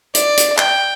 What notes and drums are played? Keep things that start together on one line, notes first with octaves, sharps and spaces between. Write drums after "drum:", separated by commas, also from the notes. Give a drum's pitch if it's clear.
D5, drum: hi-hat
drum: hi-hat
G5, drum: clap